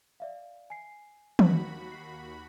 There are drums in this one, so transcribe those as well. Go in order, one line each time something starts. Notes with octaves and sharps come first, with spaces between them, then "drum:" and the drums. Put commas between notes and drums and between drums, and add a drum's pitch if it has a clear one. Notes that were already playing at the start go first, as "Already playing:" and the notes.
D5 E5 F5
G#5 C7
D#2 F#4 B5, drum: tom D#3
C7